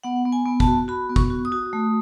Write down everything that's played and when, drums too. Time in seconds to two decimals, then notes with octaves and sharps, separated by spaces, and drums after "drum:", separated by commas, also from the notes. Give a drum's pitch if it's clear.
0.03 B3 F#5
0.25 B3
0.32 G#5
0.46 B3
0.60 A5, drum: kick G1
0.67 F#4
0.88 F#4 B5
1.09 B3
1.16 C#6, drum: kick G1
1.30 F#4
1.45 D#6
1.52 F#4
1.73 A3